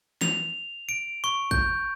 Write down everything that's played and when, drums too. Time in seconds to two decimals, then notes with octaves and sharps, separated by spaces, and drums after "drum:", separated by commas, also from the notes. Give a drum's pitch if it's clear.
0.21 F7, drum: snare
0.89 D7
1.24 C#6
1.51 G6, drum: kick